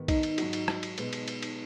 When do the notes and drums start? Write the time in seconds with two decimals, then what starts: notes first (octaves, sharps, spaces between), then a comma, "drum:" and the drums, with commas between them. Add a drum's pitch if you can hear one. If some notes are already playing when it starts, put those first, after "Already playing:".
Already playing: G#2 D#3 B3
0.08 D#4, drum: kick, cymbal
0.23 drum: cymbal
0.38 G#2 F#3 D#4 F#4, drum: cymbal
0.53 drum: cymbal
0.68 drum: rim click
0.83 drum: cymbal
0.98 B2 G#3 B3, drum: cymbal
1.13 drum: cymbal
1.28 drum: cymbal
1.43 drum: cymbal